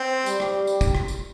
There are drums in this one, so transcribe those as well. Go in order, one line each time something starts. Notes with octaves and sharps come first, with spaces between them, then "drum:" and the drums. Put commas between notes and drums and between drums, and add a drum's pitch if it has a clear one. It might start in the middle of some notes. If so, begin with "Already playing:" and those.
Already playing: C4
G3, drum: tambourine
drum: rim click
drum: tambourine
drum: kick, tambourine
drum: rim click
drum: tambourine